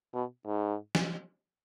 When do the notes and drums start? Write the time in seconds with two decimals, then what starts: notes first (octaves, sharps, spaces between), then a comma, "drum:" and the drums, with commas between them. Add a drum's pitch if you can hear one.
0.14 B2
0.46 G#2
0.95 drum: snare F3